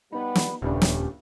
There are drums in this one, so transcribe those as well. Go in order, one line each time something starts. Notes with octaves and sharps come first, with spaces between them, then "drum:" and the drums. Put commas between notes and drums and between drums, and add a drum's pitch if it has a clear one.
G3 B3 D#4 B5
drum: snare
D#1 C#2 G2 A3 C#4 D4 G4
drum: snare